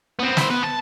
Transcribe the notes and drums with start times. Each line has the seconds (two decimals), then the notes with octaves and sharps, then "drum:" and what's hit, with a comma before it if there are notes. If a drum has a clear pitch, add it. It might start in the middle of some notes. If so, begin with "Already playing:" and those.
0.19 B3 C4
0.37 E4 C5, drum: snare
0.51 B3 B4
0.64 A5